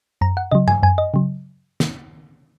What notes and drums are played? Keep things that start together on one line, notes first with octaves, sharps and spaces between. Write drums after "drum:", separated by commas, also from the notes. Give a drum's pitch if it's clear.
F#2 A#5
F#5
C#3 F#3 D#5
G#5, drum: tom G2
F#2 G#5
D#5
C#3 F#3
drum: snare